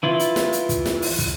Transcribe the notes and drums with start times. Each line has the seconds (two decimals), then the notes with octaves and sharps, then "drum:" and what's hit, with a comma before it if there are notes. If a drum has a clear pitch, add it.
0.03 E3 E4 F4
0.19 drum: hi-hat
0.36 drum: snare
0.53 drum: hi-hat
0.69 drum: kick, hi-hat
0.86 drum: snare
1.02 drum: open hi-hat
1.19 drum: kick, hi-hat